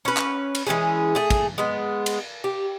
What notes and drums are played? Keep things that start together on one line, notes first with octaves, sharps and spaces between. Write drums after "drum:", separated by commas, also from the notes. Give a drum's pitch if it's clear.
C#4 B4
drum: clap
drum: cymbal
E3 G#3 C#4 G#4
A3 G#4
drum: kick, cymbal
G#3 B3
drum: cymbal
G4